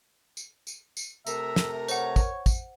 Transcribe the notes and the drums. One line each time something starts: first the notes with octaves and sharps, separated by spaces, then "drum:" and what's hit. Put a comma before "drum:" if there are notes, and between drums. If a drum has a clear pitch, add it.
drum: tambourine
drum: tambourine
drum: tambourine
C3 A3 A#4 E5 A#5, drum: tambourine
drum: snare
C5 C#5 F#5, drum: tambourine
drum: kick, tambourine
drum: kick, tambourine